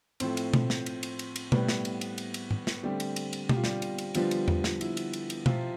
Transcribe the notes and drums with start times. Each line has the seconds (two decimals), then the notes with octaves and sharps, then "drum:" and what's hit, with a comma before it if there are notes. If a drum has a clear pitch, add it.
0.20 A2 F3 A3 C4 C5, drum: cymbal
0.37 drum: cymbal
0.54 drum: tom B2
0.70 drum: snare
0.86 drum: cymbal
1.03 drum: cymbal
1.19 drum: cymbal
1.36 drum: cymbal
1.52 A2 G3 B3 B4, drum: tom B2
1.68 drum: snare
1.85 drum: cymbal
2.01 drum: cymbal
2.18 drum: cymbal
2.34 drum: cymbal
2.51 drum: tom G#2
2.67 drum: snare
2.83 D3 G3 A3 C4 G4
3.00 drum: cymbal
3.16 drum: cymbal
3.33 drum: cymbal
3.49 G4, drum: tom B2
3.56 F4
3.64 G3 G4, drum: snare
3.82 drum: cymbal
3.98 drum: cymbal
4.15 D3 F3 G3 B3 F4, drum: cymbal
4.31 drum: cymbal
4.48 drum: tom E2
4.64 drum: snare
4.81 E4, drum: cymbal
4.97 drum: cymbal
5.13 drum: cymbal
5.30 drum: cymbal
5.46 C3 F3 C4 F4, drum: tom B2